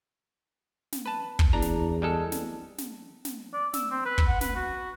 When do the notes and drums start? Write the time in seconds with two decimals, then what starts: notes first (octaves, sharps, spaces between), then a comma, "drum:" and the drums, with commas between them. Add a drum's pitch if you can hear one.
0.92 drum: snare
1.06 B4 A5
1.39 drum: kick
1.53 E2 D4 A#5
1.62 drum: snare
2.02 G3 G#3 A4
2.32 drum: snare
2.78 drum: snare
3.25 drum: snare
3.53 D5
3.74 E6, drum: snare
3.91 C4
4.05 B4
4.18 drum: kick
4.28 F#5
4.41 B4, drum: snare
4.56 F#4